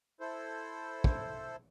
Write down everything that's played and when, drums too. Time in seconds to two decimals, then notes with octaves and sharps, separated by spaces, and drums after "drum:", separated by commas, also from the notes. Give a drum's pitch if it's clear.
0.20 E4 A4 C5
1.04 drum: kick